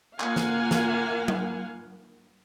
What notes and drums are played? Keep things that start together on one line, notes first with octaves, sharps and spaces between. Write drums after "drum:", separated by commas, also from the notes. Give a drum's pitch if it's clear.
A#3 F4 F5 F#5 G#5, drum: clap
drum: snare
drum: snare
drum: tom F#3